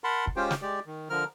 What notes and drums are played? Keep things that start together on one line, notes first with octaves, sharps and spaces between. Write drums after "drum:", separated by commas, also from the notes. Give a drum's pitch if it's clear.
A#4 F#5 A5 B5 C6
drum: kick
G#3 C#4 F4 G4 C5 G5
drum: snare
G#3 G4 D5
D#3
D3 F3 A#4 F6